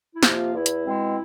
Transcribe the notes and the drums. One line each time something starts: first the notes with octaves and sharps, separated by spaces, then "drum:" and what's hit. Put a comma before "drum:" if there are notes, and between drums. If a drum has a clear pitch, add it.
E4
C3 F3 A#3, drum: snare
F4
E2 E4
drum: hi-hat
B2 G#3 C4